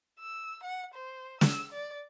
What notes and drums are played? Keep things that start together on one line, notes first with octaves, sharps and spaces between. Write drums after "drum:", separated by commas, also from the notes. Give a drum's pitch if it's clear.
E6
F#5
C5
E6, drum: snare
D5